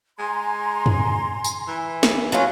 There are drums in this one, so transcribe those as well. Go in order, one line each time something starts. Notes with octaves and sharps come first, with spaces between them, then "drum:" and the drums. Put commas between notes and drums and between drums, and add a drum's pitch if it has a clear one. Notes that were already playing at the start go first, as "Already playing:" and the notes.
G#3 G#5 A#5 C6
drum: tom F2
drum: tambourine
E3
drum: snare
B2 F#3 C#4 F4